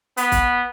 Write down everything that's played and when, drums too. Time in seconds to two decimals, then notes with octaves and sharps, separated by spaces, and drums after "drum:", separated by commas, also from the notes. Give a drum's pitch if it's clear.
0.17 B3, drum: hi-hat
0.32 drum: kick, hi-hat